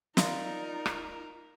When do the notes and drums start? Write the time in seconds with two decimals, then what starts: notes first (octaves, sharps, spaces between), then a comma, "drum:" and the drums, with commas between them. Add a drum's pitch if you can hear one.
0.17 D#4 F4 A#4 D5 F5 C6, drum: snare
0.86 drum: rim click